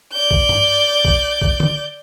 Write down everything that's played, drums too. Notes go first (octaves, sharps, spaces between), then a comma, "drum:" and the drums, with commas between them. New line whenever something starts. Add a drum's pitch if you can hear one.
D5 G6
drum: kick B1
drum: tom
drum: kick B1
drum: kick B1
drum: tom